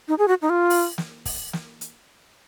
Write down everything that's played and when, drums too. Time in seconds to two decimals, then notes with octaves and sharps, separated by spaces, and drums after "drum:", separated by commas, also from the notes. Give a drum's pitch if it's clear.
0.08 D#4
0.19 G#4
0.28 F#4
0.42 D#4
0.50 F4
0.70 drum: open hi-hat
0.98 drum: snare
1.26 drum: kick, open hi-hat
1.53 drum: snare
1.81 drum: hi-hat